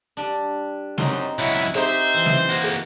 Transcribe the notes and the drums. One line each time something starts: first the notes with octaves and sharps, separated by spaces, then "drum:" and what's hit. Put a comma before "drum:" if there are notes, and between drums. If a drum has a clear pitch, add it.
G3 D4
F#2 C4 D#4 C6, drum: snare
C#2 F#3 E4 F#5
C4 D#4 G4 C5 E5, drum: hi-hat
E3
drum: snare
A#3 F#4
drum: hi-hat